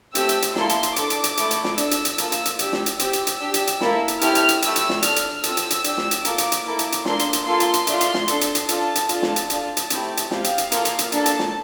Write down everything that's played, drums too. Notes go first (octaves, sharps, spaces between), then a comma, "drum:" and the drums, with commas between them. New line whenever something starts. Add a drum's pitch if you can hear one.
A3 C4 G4 E6, drum: hi-hat
drum: hi-hat
drum: hi-hat
A#3 E4 A4 C6, drum: snare
drum: hi-hat
drum: hi-hat
D4 A4 D6, drum: hi-hat
drum: hi-hat
drum: hi-hat
A3 E4 A4, drum: hi-hat
drum: hi-hat
drum: snare
D4 A4 E6, drum: hi-hat
drum: hi-hat
drum: hi-hat
A#3 F4 A4, drum: hi-hat
drum: hi-hat
drum: hi-hat
D4 G4 E6, drum: hi-hat
drum: snare
drum: hi-hat
C4 G4 E6, drum: hi-hat
drum: hi-hat
drum: hi-hat
D4 G4
drum: hi-hat
drum: hi-hat
A#3 E4 A4, drum: snare
drum: hi-hat
A3 C4 E4 G4 F6, drum: hi-hat
drum: hi-hat
drum: hi-hat
A3 E4 G4 E6, drum: hi-hat
drum: hi-hat
drum: snare
D4 A4 F6, drum: hi-hat
drum: hi-hat
C4 F4 A4 E6, drum: hi-hat
drum: hi-hat
drum: hi-hat
D4 G4, drum: hi-hat
drum: snare
drum: hi-hat
A#3 F4 A4 D6, drum: hi-hat
drum: hi-hat
drum: hi-hat
A#3 E4 A4
drum: hi-hat
drum: hi-hat
A#3 D4 A4 C6, drum: snare
drum: hi-hat
drum: hi-hat
A#3 F4 A4 C6
drum: hi-hat
drum: hi-hat
A3 D4 F4, drum: hi-hat
drum: hi-hat
drum: snare
D4 A4, drum: hi-hat
drum: hi-hat
drum: hi-hat
D4 F4 A4 A5, drum: hi-hat
drum: hi-hat
D4 F4 A4, drum: hi-hat
drum: snare
drum: hi-hat
D4 F4 A4 A5, drum: hi-hat
drum: hi-hat
A3 C4 E4 G4, drum: hi-hat
drum: hi-hat
C4 G4 F5, drum: snare
drum: hi-hat
drum: hi-hat
A#3 F4 A4, drum: hi-hat
drum: hi-hat
drum: hi-hat
A#3 D4 A4 A5, drum: hi-hat
drum: hi-hat
drum: snare